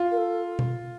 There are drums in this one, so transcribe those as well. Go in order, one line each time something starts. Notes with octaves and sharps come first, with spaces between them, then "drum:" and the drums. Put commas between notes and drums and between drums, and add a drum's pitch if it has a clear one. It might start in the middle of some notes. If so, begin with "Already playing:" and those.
Already playing: F4
A#4
A4
drum: tom B2